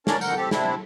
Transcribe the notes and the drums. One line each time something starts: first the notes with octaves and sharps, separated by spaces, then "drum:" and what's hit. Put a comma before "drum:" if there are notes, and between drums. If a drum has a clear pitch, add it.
C#4 D4 A#4 C#5 D5, drum: snare
F2 D3 A#4 F#5 G6, drum: tambourine
C4 G4 A4
C3 C4 D4 E4, drum: snare